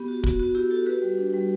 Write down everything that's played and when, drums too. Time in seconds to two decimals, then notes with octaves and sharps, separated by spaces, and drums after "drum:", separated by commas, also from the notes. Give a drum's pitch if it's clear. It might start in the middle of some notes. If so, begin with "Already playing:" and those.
Already playing: B3 G4
0.08 F#4
0.24 B3 F#4, drum: kick
0.39 B3 F#4
0.55 E4 G4
0.71 E4 F#4 A4
0.86 F#4 G4 B4
1.02 G3
1.18 D4
1.34 G3